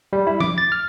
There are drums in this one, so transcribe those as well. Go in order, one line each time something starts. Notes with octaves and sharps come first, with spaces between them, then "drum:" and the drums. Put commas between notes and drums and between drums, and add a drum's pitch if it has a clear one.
G3
E4
D6, drum: tom F3
A6
F6